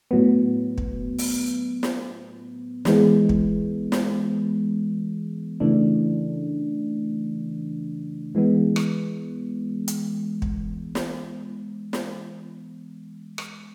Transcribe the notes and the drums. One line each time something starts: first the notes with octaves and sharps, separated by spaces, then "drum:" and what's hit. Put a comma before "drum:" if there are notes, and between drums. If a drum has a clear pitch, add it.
A2 F#3 B3
drum: kick
drum: open hi-hat
drum: snare
E3 G#3 B3, drum: snare
drum: kick
drum: snare
C#3 E3 A3 D4
E3 G#3 B3
drum: rim click
drum: hi-hat
drum: kick
drum: snare
drum: snare
drum: rim click